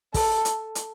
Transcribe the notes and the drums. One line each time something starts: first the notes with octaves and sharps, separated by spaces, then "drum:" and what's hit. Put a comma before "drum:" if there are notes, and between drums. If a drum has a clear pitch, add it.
A4, drum: kick, open hi-hat
drum: hi-hat
drum: hi-hat